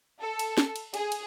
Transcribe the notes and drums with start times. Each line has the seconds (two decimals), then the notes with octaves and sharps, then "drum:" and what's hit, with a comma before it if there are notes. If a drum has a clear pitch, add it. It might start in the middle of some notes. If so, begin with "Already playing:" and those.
0.21 A4
0.39 drum: cymbal
0.57 drum: snare
0.76 drum: cymbal
0.94 G#4, drum: cymbal
1.12 drum: cymbal